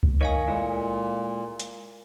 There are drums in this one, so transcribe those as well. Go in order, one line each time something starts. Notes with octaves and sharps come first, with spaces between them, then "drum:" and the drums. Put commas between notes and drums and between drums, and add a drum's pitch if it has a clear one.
drum: kick C#2
D#3 D#4 A#4 C#5 F5 G#5
A#2 G#3 A3 E4
drum: hi-hat